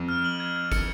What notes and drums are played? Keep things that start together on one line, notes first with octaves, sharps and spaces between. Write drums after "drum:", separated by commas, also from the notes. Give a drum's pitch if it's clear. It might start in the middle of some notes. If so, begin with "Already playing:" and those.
Already playing: F2
F6
F#7
G#6
G#6
C#7, drum: kick, tambourine